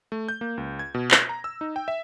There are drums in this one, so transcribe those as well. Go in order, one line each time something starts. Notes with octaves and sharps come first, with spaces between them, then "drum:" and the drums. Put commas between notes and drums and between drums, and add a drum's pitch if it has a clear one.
A3
G6
A#3
C#2
G#6
B2
A#6, drum: clap
A#5
E6
D#4
G5
E5